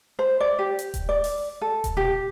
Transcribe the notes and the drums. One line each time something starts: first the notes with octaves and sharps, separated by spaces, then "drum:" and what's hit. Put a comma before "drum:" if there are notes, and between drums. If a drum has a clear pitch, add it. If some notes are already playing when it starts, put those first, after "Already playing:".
C5
D5
G4
drum: hi-hat
drum: kick D#1, hi-hat
D5
drum: open hi-hat
A4
drum: kick D#1, hi-hat
G4, drum: tom A#2